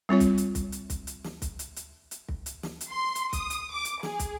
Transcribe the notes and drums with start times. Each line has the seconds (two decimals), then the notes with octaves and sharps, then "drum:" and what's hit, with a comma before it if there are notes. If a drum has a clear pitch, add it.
0.09 G3 C4 F4 C#5
0.20 drum: kick, hi-hat
0.38 drum: hi-hat
0.55 drum: kick, hi-hat
0.72 drum: hi-hat
0.90 drum: kick, hi-hat
1.07 drum: hi-hat
1.24 drum: snare
1.42 drum: kick, hi-hat
1.59 drum: hi-hat
1.76 drum: hi-hat
2.11 drum: hi-hat
2.28 drum: kick
2.46 drum: hi-hat
2.63 drum: snare
2.81 drum: hi-hat
2.90 C6
3.15 drum: hi-hat
3.33 D#6, drum: kick, hi-hat
3.50 drum: hi-hat
3.72 D6
3.85 drum: hi-hat
4.03 G#4, drum: snare
4.19 drum: kick, hi-hat